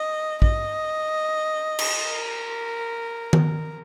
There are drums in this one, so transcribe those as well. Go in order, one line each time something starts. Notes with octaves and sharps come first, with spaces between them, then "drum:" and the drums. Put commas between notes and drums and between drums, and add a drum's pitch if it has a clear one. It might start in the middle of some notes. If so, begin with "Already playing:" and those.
Already playing: D#5
D#5, drum: kick
drum: cymbal
A#4
drum: tom D#3